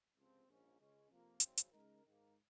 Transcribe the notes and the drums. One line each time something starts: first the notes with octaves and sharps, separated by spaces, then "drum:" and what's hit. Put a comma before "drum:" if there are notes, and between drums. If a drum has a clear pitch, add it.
C#2 C3 F3 C4
A#1 G#2 F3 A#3 C#4
C#2 C#3 G#3 C#4
F2 C3 F3 A#3 F4
G#1 F#2 C#3 G#3 C4, drum: hi-hat
drum: hi-hat
C#3 G#3 D#4 A#4
G#2 D#3 A#3